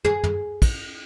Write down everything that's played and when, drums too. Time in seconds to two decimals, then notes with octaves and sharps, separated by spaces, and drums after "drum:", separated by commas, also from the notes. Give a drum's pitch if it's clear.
0.05 G#4, drum: tom
0.23 drum: tom
0.62 drum: kick, cymbal